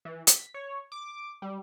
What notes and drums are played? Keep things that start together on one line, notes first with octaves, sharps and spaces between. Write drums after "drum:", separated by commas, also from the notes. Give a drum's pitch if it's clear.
E3
B6, drum: hi-hat
C#5
D6
G3